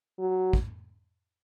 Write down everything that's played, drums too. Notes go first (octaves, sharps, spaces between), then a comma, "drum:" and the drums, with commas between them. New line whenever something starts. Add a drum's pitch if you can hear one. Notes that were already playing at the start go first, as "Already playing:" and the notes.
F#3
drum: kick